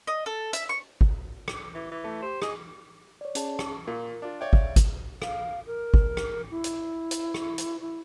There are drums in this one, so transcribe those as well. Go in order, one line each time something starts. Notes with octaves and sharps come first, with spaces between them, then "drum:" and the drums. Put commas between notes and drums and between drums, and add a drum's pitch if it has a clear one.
D#5
A4
E5, drum: hi-hat
C#6
drum: kick
drum: rim click
E3
E3
A3
G4 C5
G#4 D#5, drum: rim click
C#5 D5
C#4 G#4 A5, drum: hi-hat
drum: rim click
A#2 A#4
D4 F4
C#5 D5 E5 F5 G5
drum: kick
drum: kick, hi-hat
F5, drum: rim click
A#4
drum: kick
drum: rim click
E4
drum: hi-hat
drum: hi-hat
drum: rim click
drum: hi-hat
E4